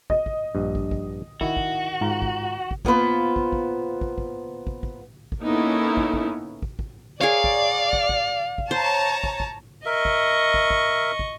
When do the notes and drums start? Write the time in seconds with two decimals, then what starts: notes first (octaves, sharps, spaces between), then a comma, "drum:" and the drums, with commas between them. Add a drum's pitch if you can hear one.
0.10 D#5, drum: kick
0.26 drum: kick
0.55 A#1 G2
0.75 drum: kick
0.91 drum: kick
1.41 D#3 E4 F#4, drum: kick
1.57 drum: kick
2.01 G#2 F4 A#5
2.22 drum: kick
2.71 drum: kick
2.85 A#3 B3 F4 B4 C5, drum: kick
3.36 drum: kick
3.52 drum: kick
4.01 drum: kick
4.18 drum: kick
4.67 drum: kick
4.83 drum: kick
5.32 drum: kick
5.42 A#3 B3 C#4 D#4 E4 A4
5.97 drum: kick
6.14 drum: kick
6.62 drum: kick
6.79 drum: kick
7.21 G#4 A#4 C#5 D5 F5
7.44 drum: kick
7.93 drum: kick
8.09 drum: kick
8.58 drum: kick
8.71 C5 C#5 A5 A#5
9.24 drum: kick
9.40 drum: kick
9.85 A#4 D#5 E5 C#6
10.05 drum: kick
10.54 drum: kick
10.70 drum: kick
11.19 drum: kick